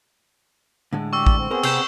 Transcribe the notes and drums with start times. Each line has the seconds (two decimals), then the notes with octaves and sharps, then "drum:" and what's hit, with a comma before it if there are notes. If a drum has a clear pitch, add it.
0.93 A2 D3 G#3
1.13 G4 D5 C#6 E6
1.27 drum: kick A1
1.37 C4
1.51 B3 C4 G#4 A#4 C5
1.63 C3 E6 G6 E7, drum: cymbal